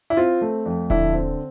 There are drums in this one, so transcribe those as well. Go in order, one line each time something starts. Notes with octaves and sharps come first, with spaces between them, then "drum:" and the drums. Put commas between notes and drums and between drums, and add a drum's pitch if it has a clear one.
E4
C4 F4
A3
F2
D3 E4, drum: kick D#1
C4